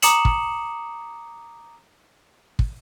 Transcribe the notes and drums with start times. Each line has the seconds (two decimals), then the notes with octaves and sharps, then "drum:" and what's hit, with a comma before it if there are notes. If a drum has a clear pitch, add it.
0.02 A#5 D6 D#6 C#7 E7 F#7, drum: hi-hat
0.25 drum: kick
2.59 drum: kick